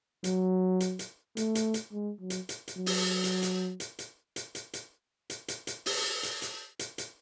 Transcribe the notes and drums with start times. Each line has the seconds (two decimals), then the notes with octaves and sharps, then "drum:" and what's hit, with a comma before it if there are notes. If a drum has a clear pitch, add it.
0.24 F#3, drum: hi-hat
0.80 drum: hi-hat
0.99 drum: hi-hat
1.37 A3, drum: hi-hat
1.55 drum: hi-hat
1.74 drum: hi-hat
1.92 G#3
2.20 F#3
2.30 drum: hi-hat
2.49 drum: hi-hat
2.68 drum: hi-hat
2.77 F#3
2.86 drum: open hi-hat
3.24 drum: hi-hat
3.42 drum: hi-hat
3.80 drum: hi-hat
3.99 drum: hi-hat
4.36 drum: hi-hat
4.55 drum: hi-hat
4.73 drum: hi-hat
5.30 drum: hi-hat
5.48 drum: hi-hat
5.67 drum: hi-hat
5.86 drum: open hi-hat
6.23 drum: hi-hat
6.42 drum: hi-hat
6.79 drum: hi-hat
6.98 drum: hi-hat